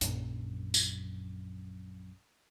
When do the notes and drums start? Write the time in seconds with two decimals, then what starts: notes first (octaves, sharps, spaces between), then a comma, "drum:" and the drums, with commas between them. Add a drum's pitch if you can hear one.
0.01 A#1 F#2, drum: hi-hat
0.74 drum: tambourine